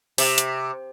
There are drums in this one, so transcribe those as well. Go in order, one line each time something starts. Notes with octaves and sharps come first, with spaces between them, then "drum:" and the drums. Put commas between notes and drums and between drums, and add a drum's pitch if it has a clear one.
C3, drum: open hi-hat
drum: hi-hat